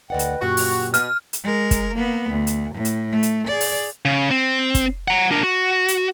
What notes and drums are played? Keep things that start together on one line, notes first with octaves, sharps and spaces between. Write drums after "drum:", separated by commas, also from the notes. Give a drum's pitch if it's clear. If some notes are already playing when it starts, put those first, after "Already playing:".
D2 B4 D5 D#5 F#5 G5
drum: hi-hat
F#2 A#2 F#4 G4 C#6
drum: open hi-hat
B2 F6, drum: hi-hat
drum: hi-hat
G#3 A#4
drum: kick, hi-hat
A#3 B3
D2
drum: hi-hat
A2
drum: hi-hat
A3
drum: hi-hat
G#4 D5
drum: open hi-hat
C#3
C4
drum: kick, hi-hat
F#5 A#5
D4 A#4
F#4
drum: hi-hat